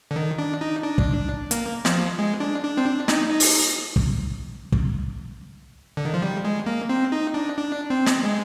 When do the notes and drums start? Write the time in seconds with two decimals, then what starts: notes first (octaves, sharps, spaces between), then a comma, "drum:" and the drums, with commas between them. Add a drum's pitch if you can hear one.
0.11 D3
0.16 D#3
0.39 D4
0.61 D#4
0.83 D4
0.98 drum: kick
1.51 A#3, drum: hi-hat
1.85 F3, drum: snare
2.19 G#3
2.40 D4
2.63 D4
2.77 C4
2.85 D4
3.08 D#4, drum: snare
3.30 D#4
3.40 drum: open hi-hat
3.96 drum: kick
4.72 drum: kick
5.97 D3
6.05 D#3
6.14 F3
6.22 G3
6.44 G#3
6.66 A#3
6.89 C4
7.12 D#4
7.34 D4
7.57 D4
7.90 C4
8.06 drum: snare
8.24 G#3